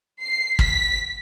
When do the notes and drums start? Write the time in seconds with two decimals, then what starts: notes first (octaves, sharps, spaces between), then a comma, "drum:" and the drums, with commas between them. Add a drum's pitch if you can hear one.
0.22 C7
0.59 B6, drum: kick